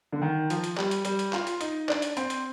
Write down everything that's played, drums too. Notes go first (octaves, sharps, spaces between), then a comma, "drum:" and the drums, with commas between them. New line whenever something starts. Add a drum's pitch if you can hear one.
D3
D#3
F3, drum: hi-hat
drum: hi-hat
G3, drum: clap
drum: hi-hat
G3, drum: hi-hat
drum: hi-hat
F4, drum: clap
drum: hi-hat
D#4, drum: hi-hat
D4, drum: clap
drum: hi-hat
C4, drum: hi-hat
drum: hi-hat